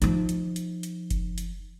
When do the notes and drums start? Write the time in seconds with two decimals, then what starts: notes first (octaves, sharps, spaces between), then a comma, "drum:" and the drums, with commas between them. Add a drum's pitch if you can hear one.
0.02 F3 D#4, drum: hi-hat
0.29 drum: hi-hat
0.56 drum: hi-hat
0.83 drum: hi-hat
1.10 drum: kick F#1, hi-hat
1.38 drum: hi-hat